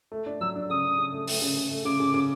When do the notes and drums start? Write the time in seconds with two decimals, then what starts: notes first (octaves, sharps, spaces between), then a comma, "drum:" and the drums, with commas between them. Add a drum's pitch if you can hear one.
0.12 A3
0.26 D4
0.41 F#3 E6
0.56 D4
0.70 C#3 D#6
0.84 C#3
0.98 C#3
1.13 A3
1.27 A3, drum: open hi-hat
1.42 C#3
1.57 C#3
1.71 A3
1.85 C#3 D6
2.00 C#3
2.14 C#3